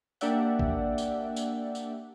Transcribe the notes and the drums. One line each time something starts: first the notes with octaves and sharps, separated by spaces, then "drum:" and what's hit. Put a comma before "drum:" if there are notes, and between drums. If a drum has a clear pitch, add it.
A#3 D4 G4 D5 E5 F#5, drum: tambourine
drum: kick A1
drum: tambourine
drum: tambourine
drum: tambourine